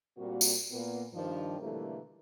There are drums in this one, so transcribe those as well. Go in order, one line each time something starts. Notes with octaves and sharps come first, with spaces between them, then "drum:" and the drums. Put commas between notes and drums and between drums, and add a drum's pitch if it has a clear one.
A#2 G3 A#3 C4 F#4
drum: tambourine
A#2 A#3 B3
G2 D#3 F3
B2 D3 E3 G3 A3 A#3